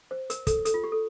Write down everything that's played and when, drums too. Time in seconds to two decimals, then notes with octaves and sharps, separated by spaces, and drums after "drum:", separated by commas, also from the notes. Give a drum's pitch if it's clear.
0.11 C5
0.30 A#4, drum: hi-hat
0.47 A4, drum: kick, hi-hat
0.65 A4, drum: hi-hat
0.74 F4
0.84 G4
0.92 A4